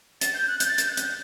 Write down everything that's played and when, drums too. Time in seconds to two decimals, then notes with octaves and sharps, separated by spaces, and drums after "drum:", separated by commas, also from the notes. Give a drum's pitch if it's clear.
0.21 A6, drum: hi-hat
0.34 G6
0.48 F#6
0.60 G6, drum: hi-hat
0.69 A6
0.78 G6, drum: hi-hat
0.88 F#6
0.97 G6, drum: hi-hat